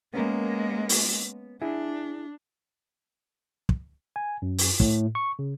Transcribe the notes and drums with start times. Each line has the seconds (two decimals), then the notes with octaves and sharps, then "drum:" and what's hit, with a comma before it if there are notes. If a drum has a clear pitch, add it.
0.14 G#3 A#3 B3 C#4 A#4
0.89 drum: open hi-hat
1.62 D4 E4 G#4
3.69 drum: kick
4.16 G#5
4.42 F#2
4.58 drum: open hi-hat
4.80 A2, drum: kick
5.15 C#6
5.39 C#3